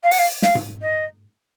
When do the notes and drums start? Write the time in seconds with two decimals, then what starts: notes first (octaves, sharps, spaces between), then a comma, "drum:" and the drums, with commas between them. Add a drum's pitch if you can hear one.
0.03 F5
0.11 F#5, drum: open hi-hat
0.18 F5
0.42 F5, drum: snare
0.55 drum: tom G#2
0.81 D#5